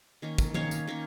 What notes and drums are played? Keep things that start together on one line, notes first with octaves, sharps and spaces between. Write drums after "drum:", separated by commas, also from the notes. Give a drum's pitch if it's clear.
D#3 A#3 C#4
drum: kick, tambourine
D#3 A#3 C#4 C#5 F5, drum: tom F3
drum: tambourine
D#3 A#3 C#4